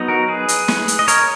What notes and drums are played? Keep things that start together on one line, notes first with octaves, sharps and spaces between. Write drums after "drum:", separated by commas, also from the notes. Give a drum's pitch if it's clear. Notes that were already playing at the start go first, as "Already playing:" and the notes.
Already playing: F#3 B3 D#4
F#4 A#4
G#4 B4
drum: hi-hat
drum: snare
drum: hi-hat
D#5
A#4 C#5, drum: hi-hat